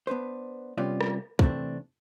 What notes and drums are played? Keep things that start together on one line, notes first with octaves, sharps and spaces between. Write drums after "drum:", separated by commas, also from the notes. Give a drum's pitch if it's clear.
B3 D4 B4 C5
C3 G3 B3 C#4 F4 D5
drum: rim click
C3 E3 G3 A3 C4 D4, drum: kick